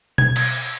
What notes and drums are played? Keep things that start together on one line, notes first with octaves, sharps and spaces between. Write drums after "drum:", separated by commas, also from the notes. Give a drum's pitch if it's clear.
G#6, drum: tom B2
drum: cymbal